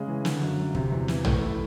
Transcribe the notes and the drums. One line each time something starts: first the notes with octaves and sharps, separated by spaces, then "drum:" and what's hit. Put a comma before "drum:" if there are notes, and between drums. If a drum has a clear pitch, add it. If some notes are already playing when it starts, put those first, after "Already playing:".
Already playing: C#3 G#3
E3
D3, drum: snare
F#2
F#3
C3, drum: kick
E2
E3, drum: snare
A3, drum: tom A#1
E4